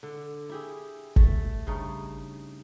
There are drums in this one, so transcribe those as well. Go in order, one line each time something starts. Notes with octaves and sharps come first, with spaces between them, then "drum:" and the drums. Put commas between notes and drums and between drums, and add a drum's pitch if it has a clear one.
D3
E4 G4 G#4
A3, drum: kick G1
G2 C#3 D#4